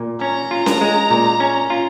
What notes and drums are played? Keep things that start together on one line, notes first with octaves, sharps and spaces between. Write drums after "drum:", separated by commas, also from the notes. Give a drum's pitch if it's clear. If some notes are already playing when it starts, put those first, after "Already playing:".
Already playing: A#2
C#4 A#5
F4
drum: snare C#4
G#3
A#2
C#4
F4